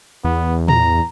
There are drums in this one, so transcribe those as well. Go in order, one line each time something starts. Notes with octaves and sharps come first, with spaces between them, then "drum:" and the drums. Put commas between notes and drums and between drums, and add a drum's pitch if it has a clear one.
E2 B3
A#5, drum: tom A2